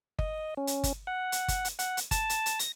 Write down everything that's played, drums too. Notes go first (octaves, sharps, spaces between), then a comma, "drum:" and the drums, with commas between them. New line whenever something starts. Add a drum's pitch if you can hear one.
D#5, drum: kick G1
C#4
drum: hi-hat
drum: kick G1, hi-hat
F#5
drum: hi-hat
drum: kick G1, hi-hat
drum: hi-hat
F#5, drum: hi-hat
drum: hi-hat
A5, drum: kick G1, hi-hat
drum: hi-hat
drum: hi-hat
A#6, drum: hi-hat